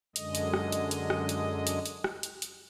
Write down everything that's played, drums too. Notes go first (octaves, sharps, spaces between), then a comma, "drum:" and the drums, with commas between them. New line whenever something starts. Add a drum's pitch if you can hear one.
F#2 D3 G#3 D#5, drum: hi-hat
drum: hi-hat
drum: rim click
drum: hi-hat
drum: hi-hat
drum: rim click
drum: hi-hat
drum: hi-hat
drum: hi-hat
drum: rim click
drum: hi-hat
drum: hi-hat